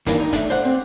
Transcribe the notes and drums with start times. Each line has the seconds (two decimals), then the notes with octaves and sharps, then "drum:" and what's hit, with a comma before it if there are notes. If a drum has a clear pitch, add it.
0.06 G2 E3 A#3 D4 D#4, drum: kick, hi-hat
0.20 D#4
0.33 A3 D4, drum: kick, hi-hat
0.50 C5 D5 F#5
0.65 C4